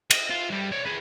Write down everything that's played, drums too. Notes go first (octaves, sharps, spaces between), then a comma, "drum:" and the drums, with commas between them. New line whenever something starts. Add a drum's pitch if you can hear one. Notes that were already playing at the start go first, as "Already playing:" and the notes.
D#5, drum: cymbal
F4
G2 G3
C#5 D5
G#4 B4